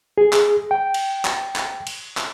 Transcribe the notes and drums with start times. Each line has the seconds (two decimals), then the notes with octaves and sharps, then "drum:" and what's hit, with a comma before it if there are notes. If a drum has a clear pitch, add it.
0.18 G#4
0.33 drum: clap
0.71 G5
0.94 drum: cymbal
1.25 drum: clap
1.56 drum: clap
1.87 drum: cymbal
2.17 drum: clap